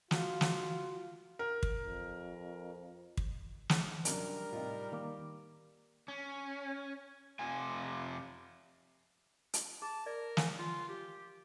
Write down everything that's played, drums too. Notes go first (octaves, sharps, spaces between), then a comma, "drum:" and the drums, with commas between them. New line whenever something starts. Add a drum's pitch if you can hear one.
F4 F#4 F5, drum: snare
drum: snare
A#4
drum: kick
F2
drum: kick
drum: snare
F#2 C3 G3 D4 A#4, drum: hi-hat
A2 C3 D#4 F4
D#3 A#3 D6
C#4
F2 C3 F4 G#5
drum: hi-hat
G#4 A5
A#4 D5
F5 G#5, drum: snare
F4
G4